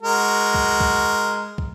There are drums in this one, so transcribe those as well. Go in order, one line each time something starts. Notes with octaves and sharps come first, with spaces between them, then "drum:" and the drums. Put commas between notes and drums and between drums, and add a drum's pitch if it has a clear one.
G#3 F#4 A#4
drum: kick
drum: kick
drum: kick